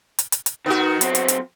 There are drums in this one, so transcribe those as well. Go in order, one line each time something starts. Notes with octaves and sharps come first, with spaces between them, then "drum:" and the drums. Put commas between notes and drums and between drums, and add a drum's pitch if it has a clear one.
drum: hi-hat
drum: hi-hat
drum: hi-hat
D#3 B3 F#4
F#3 C4, drum: hi-hat
drum: hi-hat
drum: hi-hat